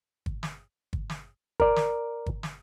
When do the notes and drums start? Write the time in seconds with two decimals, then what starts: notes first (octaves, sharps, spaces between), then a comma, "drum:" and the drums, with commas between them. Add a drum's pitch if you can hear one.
0.26 drum: kick
0.43 drum: snare
0.93 drum: kick
1.10 drum: snare
1.60 A#4 D5, drum: kick
1.76 drum: snare
2.26 drum: kick
2.43 drum: snare